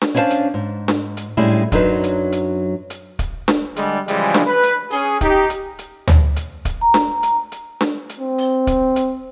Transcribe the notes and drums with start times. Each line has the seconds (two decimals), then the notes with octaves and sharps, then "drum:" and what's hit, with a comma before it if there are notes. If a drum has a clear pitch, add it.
0.02 drum: snare D4
0.15 C#4 D4 E4 C5 F5 A5
0.30 drum: hi-hat
0.54 G#2
0.88 drum: snare D4
1.17 drum: hi-hat
1.37 A2 G3 G#3 C#4 D4 E4
1.72 F#2 F#3 D4 D#4 B4 C5, drum: kick, hi-hat
2.03 drum: hi-hat
2.32 drum: hi-hat
2.90 drum: hi-hat
3.19 drum: kick, hi-hat
3.48 drum: snare D4
3.76 D3 G3 G#3, drum: hi-hat
4.08 C#3 E3 F3 G3 G#3, drum: hi-hat
4.34 drum: snare D4
4.46 B4
4.63 drum: hi-hat
4.91 C#4 G#4, drum: open hi-hat
5.21 D#4 G4, drum: kick, hi-hat
5.50 drum: hi-hat
5.79 drum: hi-hat
6.07 drum: tom
6.36 drum: hi-hat
6.65 drum: kick, hi-hat
6.81 A#5
6.94 drum: snare D4
7.23 drum: hi-hat
7.52 drum: hi-hat
7.81 drum: snare D4
8.09 drum: hi-hat
8.20 C4
8.38 drum: open hi-hat
8.67 drum: kick, hi-hat
8.96 drum: hi-hat